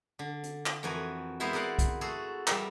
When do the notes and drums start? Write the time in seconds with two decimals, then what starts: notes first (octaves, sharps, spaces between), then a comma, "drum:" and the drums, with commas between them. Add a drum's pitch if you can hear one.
0.19 D3
0.43 drum: hi-hat
0.66 drum: clap
0.83 F2 E3 F#4 A#4 G#5
1.40 G#3 B3 E4 A#4 C5 E5
1.53 G#4 A#4 D5 F#5
1.79 drum: kick B1, hi-hat
2.01 A3 F#4 G#4 A4
2.47 G3 A#4 E5, drum: clap